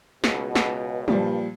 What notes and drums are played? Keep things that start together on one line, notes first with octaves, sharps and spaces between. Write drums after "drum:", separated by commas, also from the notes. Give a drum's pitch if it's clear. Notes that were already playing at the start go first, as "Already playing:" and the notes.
C#2 B2, drum: snare
drum: snare
G2 A#2 F3 G3, drum: tom